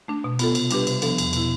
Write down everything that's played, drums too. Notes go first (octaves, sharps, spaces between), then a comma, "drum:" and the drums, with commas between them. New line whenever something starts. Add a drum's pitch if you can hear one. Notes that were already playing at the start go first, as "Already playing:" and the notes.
A3 D4
B2
B3 F4 A4, drum: cymbal
C3, drum: cymbal
G3 D4 G4 B4, drum: cymbal
C3, drum: cymbal
F3 B3 D4 A4, drum: cymbal
E2, drum: cymbal
B2 B3 E4, drum: cymbal